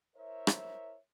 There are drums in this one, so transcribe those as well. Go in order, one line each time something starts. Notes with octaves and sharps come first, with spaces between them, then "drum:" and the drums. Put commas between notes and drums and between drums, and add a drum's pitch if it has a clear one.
E4 A#4 C5 C#5 E5
drum: rim click